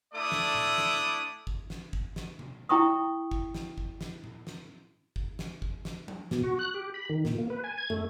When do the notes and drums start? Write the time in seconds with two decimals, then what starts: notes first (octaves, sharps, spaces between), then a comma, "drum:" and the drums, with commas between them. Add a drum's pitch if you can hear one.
0.14 A3 D4 E4 A4 D5 D#6
0.32 drum: snare
0.55 drum: tom A#2
0.78 drum: snare
1.47 drum: kick
1.70 drum: snare
1.93 drum: kick
2.16 drum: snare
2.39 drum: tom B2
2.69 E4 G5 A#5 C#6 D#6
3.31 drum: kick
3.54 drum: snare
3.78 drum: kick
4.01 drum: snare
4.24 drum: tom A#2
4.47 drum: snare
5.16 drum: kick
5.39 drum: snare
5.62 drum: kick
5.85 drum: snare
6.08 drum: tom F3
6.31 B2, drum: snare
6.44 F#4
6.59 F#6
6.74 G4
6.94 B5
7.09 D#3
7.25 A#2, drum: snare
7.38 A#3
7.50 B4
7.64 G#5
7.78 G#6
7.90 A3, drum: tom